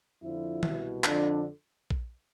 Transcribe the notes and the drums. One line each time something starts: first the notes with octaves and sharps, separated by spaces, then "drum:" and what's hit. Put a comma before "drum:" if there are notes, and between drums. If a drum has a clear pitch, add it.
F2 D3 F3 E4
C2 B2, drum: tom D#3
F2 D3 F3 D4, drum: clap
drum: kick A#1